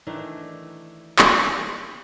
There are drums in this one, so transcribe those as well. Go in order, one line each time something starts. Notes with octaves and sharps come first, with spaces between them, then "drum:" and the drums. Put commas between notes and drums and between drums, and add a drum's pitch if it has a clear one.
D#3 E3 A3 D4
drum: clap